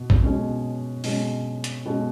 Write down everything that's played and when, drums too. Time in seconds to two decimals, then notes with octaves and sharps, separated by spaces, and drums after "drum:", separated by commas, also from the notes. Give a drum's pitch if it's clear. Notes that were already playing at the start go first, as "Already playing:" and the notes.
Already playing: B2
0.10 drum: kick A1
0.22 B2 G#3 C#4
1.04 B2 G#3 C#4, drum: open hi-hat
1.64 drum: hi-hat
1.86 B2 G#3 C#4